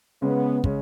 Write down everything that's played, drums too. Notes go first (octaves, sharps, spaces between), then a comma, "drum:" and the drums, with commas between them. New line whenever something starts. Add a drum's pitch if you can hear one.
C#3 G#3 B3 C#4
C#3 G#3 C#4, drum: kick